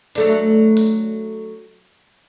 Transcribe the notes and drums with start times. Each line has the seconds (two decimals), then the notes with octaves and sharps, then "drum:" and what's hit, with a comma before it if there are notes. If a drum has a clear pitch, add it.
0.15 F#3 A3 D4, drum: open hi-hat
0.77 drum: open hi-hat